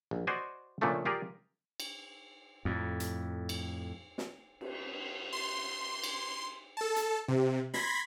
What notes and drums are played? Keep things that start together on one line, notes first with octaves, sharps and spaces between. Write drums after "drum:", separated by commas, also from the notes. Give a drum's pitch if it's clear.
A#1
F#4 C5 D5 D#5 G#5
A#2 C#3 F3 A3 D4
F4 G4 G#4 A#4 D5
drum: cymbal
F2 A2
drum: hi-hat
drum: cymbal
drum: snare
drum: cymbal
C6
drum: cymbal
A4 A5
drum: hi-hat
C3
B5 C6 G#6 A#6 B6, drum: snare